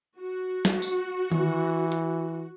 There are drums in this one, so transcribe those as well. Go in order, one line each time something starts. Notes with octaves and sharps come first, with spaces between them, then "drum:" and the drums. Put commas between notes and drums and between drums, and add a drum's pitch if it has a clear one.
F#4
drum: snare
drum: tambourine
E3, drum: tom D#3
drum: hi-hat